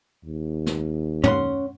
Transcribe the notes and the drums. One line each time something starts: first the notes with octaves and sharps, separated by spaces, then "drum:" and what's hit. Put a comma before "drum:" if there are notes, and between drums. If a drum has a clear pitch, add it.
D#2
drum: snare
C#4 F#5 C6, drum: tom